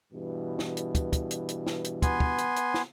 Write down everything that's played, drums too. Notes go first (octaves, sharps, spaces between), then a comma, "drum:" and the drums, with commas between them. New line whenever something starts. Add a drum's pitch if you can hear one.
G2 B2 E3
drum: snare
drum: hi-hat
drum: kick, hi-hat
drum: kick, hi-hat
drum: hi-hat
drum: hi-hat
drum: snare
drum: hi-hat
B3 G#5 C6, drum: kick, hi-hat
drum: kick
drum: hi-hat
drum: hi-hat
drum: snare